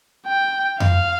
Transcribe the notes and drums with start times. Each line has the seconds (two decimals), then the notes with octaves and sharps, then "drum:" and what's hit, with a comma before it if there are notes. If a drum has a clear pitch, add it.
0.27 G5
0.80 F5, drum: tom F2